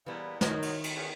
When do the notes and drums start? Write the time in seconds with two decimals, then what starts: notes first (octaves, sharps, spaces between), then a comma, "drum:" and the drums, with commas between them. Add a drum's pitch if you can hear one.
0.06 A#2 C#3 E3 G3 B3
0.41 D#3 F#3 D#4 F#4, drum: snare
0.62 drum: cymbal
0.84 drum: cymbal
0.96 E2 C#4